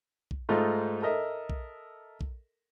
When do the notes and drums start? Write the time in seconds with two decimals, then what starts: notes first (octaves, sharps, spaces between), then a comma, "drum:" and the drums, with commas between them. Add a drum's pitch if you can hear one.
0.31 drum: kick
0.49 G#2 A3 D#4 F4
1.02 A4 A#4 D#5 E5
1.50 drum: kick
2.21 drum: kick